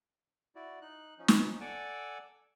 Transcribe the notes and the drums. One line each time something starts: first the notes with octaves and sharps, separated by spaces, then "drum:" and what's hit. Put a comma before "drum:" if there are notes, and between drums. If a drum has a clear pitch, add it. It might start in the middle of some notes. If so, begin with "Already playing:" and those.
E4 F#4 D5
D#4 F#6
F3 C#4 D#4
drum: snare
A4 D5 F#5 G#5 D6 E6